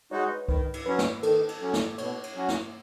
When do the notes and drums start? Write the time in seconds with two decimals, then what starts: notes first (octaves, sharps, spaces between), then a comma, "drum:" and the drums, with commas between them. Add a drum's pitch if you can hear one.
0.11 G#3 D#4 F#4 C#5
0.30 B4
0.48 D#3 B4, drum: kick C2
0.74 drum: cymbal
0.86 F#3 C#4 B4
0.99 drum: snare
1.23 D#3 A4, drum: cymbal
1.49 drum: cymbal
1.61 F#3 C#4
1.73 drum: snare
1.98 B2 C#5, drum: cymbal
2.23 drum: cymbal
2.36 F#3 C#4 F#4
2.48 drum: snare